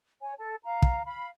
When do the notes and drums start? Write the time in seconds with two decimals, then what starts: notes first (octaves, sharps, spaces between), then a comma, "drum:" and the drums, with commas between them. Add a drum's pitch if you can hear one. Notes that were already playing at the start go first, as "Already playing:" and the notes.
0.21 C#5 G#5
0.39 A4 A5
0.65 F5 A#5
0.82 drum: kick
1.05 F5 B5